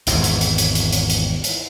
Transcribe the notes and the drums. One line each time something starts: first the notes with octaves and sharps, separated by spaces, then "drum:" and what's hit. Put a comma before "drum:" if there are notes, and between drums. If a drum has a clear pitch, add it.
G#1 E2 G#2 C3, drum: hi-hat
drum: hi-hat
drum: hi-hat
drum: hi-hat
drum: hi-hat
drum: hi-hat
drum: hi-hat
drum: hi-hat